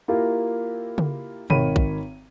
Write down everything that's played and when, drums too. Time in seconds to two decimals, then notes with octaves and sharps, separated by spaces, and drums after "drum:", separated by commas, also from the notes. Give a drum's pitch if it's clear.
0.08 A#3 E4 F4 G4 A#4
0.98 drum: tom C#3
1.50 G#1 D#3 C#5 B5 D#7, drum: tom B2
1.76 drum: kick A#1